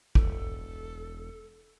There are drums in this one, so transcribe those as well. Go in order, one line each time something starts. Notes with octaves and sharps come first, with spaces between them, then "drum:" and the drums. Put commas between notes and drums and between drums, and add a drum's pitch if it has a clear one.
E1 A4, drum: kick